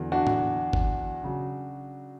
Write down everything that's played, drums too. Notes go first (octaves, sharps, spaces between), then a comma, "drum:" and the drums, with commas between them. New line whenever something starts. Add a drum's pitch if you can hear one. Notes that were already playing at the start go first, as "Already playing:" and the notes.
Already playing: E2 D3 F#3
D4 F#4
drum: tom A2
drum: kick
C#3 F#3